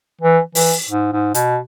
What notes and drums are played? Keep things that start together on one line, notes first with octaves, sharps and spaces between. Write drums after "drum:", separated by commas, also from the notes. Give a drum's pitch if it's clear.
E3
E3, drum: open hi-hat
G#2
G#2
B2, drum: hi-hat